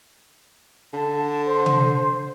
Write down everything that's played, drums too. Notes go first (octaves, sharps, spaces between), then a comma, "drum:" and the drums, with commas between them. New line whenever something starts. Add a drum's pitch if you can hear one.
D3 A5
C5
drum: tom C3